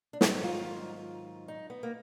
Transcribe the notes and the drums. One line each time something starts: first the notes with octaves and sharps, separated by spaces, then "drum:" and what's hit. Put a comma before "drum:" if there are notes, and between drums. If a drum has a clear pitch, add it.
D4
G#2 D#3 F#3 D#4, drum: snare
F4
D#4
B3
A#3